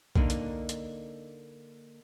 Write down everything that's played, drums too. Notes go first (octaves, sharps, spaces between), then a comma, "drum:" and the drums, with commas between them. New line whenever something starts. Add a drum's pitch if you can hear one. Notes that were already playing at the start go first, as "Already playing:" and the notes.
D3 A#3 D4 D#4, drum: kick
drum: hi-hat
drum: hi-hat